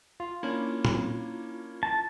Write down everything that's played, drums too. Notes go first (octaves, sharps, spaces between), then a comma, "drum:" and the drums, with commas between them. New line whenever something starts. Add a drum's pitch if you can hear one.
F4
A#3 C#4 D4 E4
drum: tom
A5